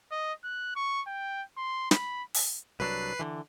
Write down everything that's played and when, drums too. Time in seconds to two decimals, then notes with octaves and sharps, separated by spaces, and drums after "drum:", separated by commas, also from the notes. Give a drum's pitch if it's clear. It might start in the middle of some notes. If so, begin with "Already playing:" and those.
0.12 D#5
0.44 F#6
0.76 C#6
1.07 G5
1.58 C6
1.91 B5, drum: snare
2.34 drum: open hi-hat
2.80 C2 F#3 D4 B4 C7
3.19 D3 E3